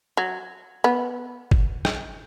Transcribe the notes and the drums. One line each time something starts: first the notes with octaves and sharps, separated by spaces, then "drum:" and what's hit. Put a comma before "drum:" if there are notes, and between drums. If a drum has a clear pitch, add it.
F#3
B3
drum: kick G1
drum: rim click